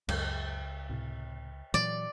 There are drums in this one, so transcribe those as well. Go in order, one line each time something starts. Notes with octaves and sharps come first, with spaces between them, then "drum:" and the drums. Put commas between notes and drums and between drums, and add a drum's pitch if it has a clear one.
C#2 F#2, drum: cymbal
A2 C3
A#2 E3 F#3 D5